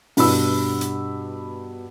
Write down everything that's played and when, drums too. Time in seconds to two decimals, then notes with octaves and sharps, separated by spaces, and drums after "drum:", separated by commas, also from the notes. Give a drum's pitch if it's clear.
0.17 G2 B2 B5 E6, drum: open hi-hat
0.81 drum: hi-hat